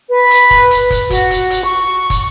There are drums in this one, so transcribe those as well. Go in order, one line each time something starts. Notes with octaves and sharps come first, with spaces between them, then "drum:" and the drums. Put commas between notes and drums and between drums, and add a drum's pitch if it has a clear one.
B4
drum: hi-hat
drum: kick, open hi-hat
drum: hi-hat
drum: kick, hi-hat
F#4, drum: kick, hi-hat
drum: hi-hat
drum: hi-hat
C#6
drum: kick, hi-hat